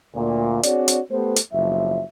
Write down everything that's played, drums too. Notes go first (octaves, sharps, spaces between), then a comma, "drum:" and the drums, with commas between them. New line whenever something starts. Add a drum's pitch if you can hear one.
D2 A#2
C4 D4 F#4 G#4 C#5 D5, drum: hi-hat
drum: hi-hat
A3 B3 G4 A4 C5
drum: hi-hat
F#1 B1 F3 E5